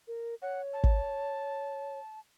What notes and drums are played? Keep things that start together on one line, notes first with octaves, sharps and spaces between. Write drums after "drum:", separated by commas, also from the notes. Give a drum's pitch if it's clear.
A#4
C#5 F#5
A5
drum: kick